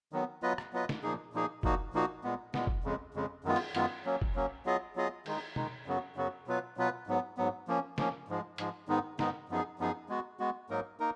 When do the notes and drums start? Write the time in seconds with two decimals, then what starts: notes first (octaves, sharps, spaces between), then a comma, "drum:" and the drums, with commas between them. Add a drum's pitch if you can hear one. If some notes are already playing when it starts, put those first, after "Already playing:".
0.12 D#3 F#3 B3
0.42 F#3 B3 F4 B4 D#5
0.58 drum: rim click
0.73 F#3 B3 F4 B4 D#5
0.89 drum: snare
1.03 A#2 F3 A#3 D#4 G#4
1.33 A#2 F3 A#3 D#4 G#4
1.63 A#2 F3 A#3 D#4 F#4, drum: kick
1.93 A#2 F3 A#3 D#4 F#4
2.24 A#2 G#3 B3
2.54 A#2 G#3 B3, drum: snare
2.67 drum: kick
2.84 F2 C#3 G#3
3.14 F2 C#3 G#3
3.44 F#2 D#3 G#3 B3 F4
3.56 drum: cymbal
3.75 F#2 D#3 G#3 B3 F4, drum: hi-hat
4.05 F#3 A#3 C#4
4.22 drum: kick
4.35 F#3 A#3 C#4
4.66 F#3 B3 F4 G#4 D#5
4.96 F#3 B3 F4 G#4 D#5
5.26 D#3 G#3 D#4, drum: cymbal
5.56 D#3 G#3 D#4, drum: tom
5.86 F#2 C#3 F#3 B3 F#4
6.16 F#2 C#3 F#3 B3 F#4
6.47 B2 F#3 B3 F4 B4
6.77 B2 F#3 B3 F4 B4
7.07 G#2 F#3 B3
7.37 G#2 F#3 B3
7.68 F3 A#3 C#4
7.98 F3 A#3 C#4, drum: snare
8.28 G#2 F3 G#3
8.58 G#2 F3 G#3, drum: hi-hat
8.88 G#2 D#3 G#3 B3 D#4
9.19 G#2 D#3 G#3 B3 D#4, drum: snare
9.49 F#2 F3 B3 D#4 G#4
9.79 F#2 F3 B3 D#4 G#4
10.09 G#3 B3 F#4
10.39 G#3 B3 F#4
10.70 G#2 F#3 A#3 D#4 A#4
11.00 A#3 D#4 A#4